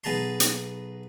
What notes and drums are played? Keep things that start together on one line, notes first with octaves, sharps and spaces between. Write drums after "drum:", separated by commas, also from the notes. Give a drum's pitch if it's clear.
B1 B3 G#4 A5 A#5 C6
drum: hi-hat